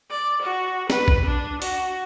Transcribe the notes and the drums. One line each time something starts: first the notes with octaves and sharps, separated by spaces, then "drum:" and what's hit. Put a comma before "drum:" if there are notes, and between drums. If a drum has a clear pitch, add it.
D5
F#4
B4, drum: snare
drum: kick A#1
D4
F#4, drum: open hi-hat